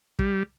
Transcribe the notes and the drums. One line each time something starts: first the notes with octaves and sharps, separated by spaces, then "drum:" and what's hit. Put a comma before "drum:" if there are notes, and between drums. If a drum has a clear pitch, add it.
G3, drum: kick